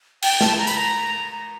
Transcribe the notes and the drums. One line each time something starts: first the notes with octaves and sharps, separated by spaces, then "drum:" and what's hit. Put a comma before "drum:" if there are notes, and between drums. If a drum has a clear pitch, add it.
G5, drum: cymbal
A5, drum: snare
A#5
B5, drum: tambourine
A#5